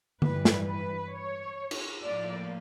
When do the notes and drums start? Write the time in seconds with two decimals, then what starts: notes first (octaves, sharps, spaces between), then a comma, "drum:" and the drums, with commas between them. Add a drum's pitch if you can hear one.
0.22 G2 E3 G3 B4, drum: tom D3
0.45 drum: snare
0.67 B4
1.13 C#5
1.71 drum: cymbal
2.05 A2 F3 A#3 D5